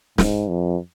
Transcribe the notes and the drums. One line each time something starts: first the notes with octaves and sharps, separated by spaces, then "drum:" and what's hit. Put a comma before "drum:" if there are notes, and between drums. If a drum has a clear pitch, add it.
G#2, drum: snare
F2